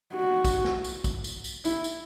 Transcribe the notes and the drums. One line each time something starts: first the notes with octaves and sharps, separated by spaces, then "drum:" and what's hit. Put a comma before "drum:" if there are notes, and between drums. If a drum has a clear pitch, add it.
F#4
drum: kick, tambourine
drum: snare
drum: tambourine
drum: kick, tambourine
drum: tambourine
drum: tambourine
E4, drum: tambourine
drum: tambourine